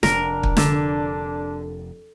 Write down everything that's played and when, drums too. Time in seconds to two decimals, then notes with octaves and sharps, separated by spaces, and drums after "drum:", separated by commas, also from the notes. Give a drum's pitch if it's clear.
0.03 F1 D4 A#4, drum: snare
0.43 drum: kick
0.57 D3, drum: snare